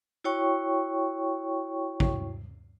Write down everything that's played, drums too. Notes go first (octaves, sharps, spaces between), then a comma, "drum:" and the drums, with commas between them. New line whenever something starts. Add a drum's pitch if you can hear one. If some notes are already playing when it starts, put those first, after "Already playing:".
E4 F#4 C#5 G5 C#6
drum: kick